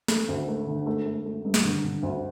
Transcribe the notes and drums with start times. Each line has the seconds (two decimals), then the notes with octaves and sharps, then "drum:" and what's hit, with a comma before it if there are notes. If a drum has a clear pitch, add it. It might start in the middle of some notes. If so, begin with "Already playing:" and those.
0.08 A3, drum: snare
0.28 D2
0.48 A3
0.67 D3
0.86 A3
1.06 A3
1.26 A3
1.45 G2
1.54 drum: snare
1.65 D3
1.84 D3
2.03 D2